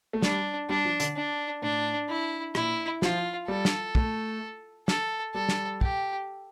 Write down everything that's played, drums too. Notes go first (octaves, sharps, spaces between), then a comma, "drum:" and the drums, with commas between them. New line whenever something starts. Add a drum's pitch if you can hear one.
A3
G3 D4, drum: snare
G3 D4
F3
D3, drum: hi-hat
D4
A2 D4
E4
A#2 E4, drum: rim click
F3 F4, drum: snare
G3 A4
drum: snare
A3, drum: kick
A4, drum: snare
G3 A4
drum: snare
G4, drum: kick